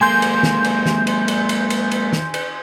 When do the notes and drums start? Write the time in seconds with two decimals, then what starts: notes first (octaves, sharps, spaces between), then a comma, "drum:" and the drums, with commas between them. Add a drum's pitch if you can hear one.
0.01 G#3 A#3 G#5 C6 G6
0.22 drum: cymbal
0.43 drum: snare
0.64 drum: cymbal
0.86 drum: snare
1.07 drum: cymbal
1.28 drum: cymbal
1.49 drum: cymbal
1.70 drum: cymbal
1.91 drum: cymbal
2.13 drum: snare
2.34 drum: cymbal